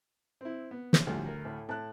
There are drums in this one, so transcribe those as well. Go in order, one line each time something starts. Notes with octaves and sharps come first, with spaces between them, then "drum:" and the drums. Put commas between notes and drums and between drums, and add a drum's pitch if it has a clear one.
C4 E4
B3
drum: snare
D2 A2 F3 G3
A#4
A2
A2 A5 F#6